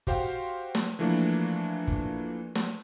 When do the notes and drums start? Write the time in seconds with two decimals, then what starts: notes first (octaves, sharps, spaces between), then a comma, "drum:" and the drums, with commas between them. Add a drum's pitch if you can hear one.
0.07 F#4 G4 C5 F5 G5, drum: kick
0.75 drum: snare
0.99 E3 F3 A3 A#3 D4
1.88 drum: kick
2.55 drum: snare